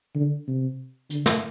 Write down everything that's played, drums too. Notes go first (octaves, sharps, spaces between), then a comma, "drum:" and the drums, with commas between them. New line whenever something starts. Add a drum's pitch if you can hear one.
D3
C3
D3, drum: hi-hat
drum: snare